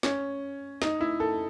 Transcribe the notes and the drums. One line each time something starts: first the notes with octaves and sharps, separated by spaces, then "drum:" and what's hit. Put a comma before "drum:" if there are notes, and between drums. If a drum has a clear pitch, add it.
C#4, drum: snare
D#4, drum: snare
E4
A4